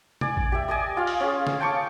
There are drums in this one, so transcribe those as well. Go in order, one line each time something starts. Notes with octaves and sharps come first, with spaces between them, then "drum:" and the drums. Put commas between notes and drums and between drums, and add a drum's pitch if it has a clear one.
D5 G#5, drum: tom
drum: kick A1
G4 E5
D5 D#5 G#5
F4 F5
drum: open hi-hat
C#4 F4 G#4
drum: snare
G5 A5 C#6 D6